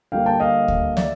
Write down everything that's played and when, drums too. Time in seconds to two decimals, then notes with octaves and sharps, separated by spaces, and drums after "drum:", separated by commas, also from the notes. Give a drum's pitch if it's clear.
0.12 D3 G3 A#3 F5 G5
0.26 G5 A5
0.40 D#5 F5
0.68 drum: kick
0.97 D5 E5, drum: snare